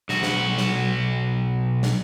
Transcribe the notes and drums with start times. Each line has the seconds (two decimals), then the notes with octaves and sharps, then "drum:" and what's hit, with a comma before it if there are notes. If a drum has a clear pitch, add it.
0.09 B1 F#4, drum: snare
0.23 drum: snare
0.58 drum: snare
1.83 drum: snare